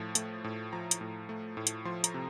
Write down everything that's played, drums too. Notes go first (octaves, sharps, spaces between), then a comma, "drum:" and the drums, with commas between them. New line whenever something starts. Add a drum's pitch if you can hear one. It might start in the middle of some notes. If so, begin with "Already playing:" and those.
Already playing: A2 F3 A5
A3, drum: hi-hat
A2
F3 A#5
drum: hi-hat
A2
A3
A2
drum: hi-hat
F3 C6
A#5, drum: hi-hat
C3